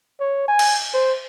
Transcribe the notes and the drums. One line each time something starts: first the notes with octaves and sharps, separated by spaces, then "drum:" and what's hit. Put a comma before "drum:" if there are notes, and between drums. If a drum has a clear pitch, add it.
C#5
G#5
drum: cymbal
C5